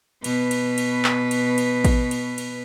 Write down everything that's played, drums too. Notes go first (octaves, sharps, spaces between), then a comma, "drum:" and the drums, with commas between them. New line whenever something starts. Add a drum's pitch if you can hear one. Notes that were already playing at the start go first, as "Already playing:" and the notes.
B2 B4, drum: cymbal
drum: cymbal
drum: cymbal
drum: clap
drum: cymbal
drum: cymbal
drum: kick A1, cymbal
drum: cymbal
drum: cymbal